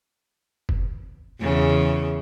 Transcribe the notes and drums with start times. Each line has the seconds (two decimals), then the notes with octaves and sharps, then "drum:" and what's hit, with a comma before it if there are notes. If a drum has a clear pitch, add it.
0.69 drum: kick
1.42 E2 C#3